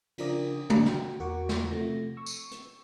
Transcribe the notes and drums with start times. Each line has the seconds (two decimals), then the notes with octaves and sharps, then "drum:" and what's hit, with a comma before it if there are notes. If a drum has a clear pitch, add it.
0.18 C#3 F3 D4 A#4 D5 D#6, drum: cymbal
0.70 F#3 G3 D4, drum: tom
0.86 F#4 G5, drum: snare
1.20 E2 F#4 A#4 F#5 C#6 D6
1.49 drum: snare
1.71 C3 F3 A3 A#6
2.17 C#6 E6
2.26 drum: tambourine
2.51 drum: hi-hat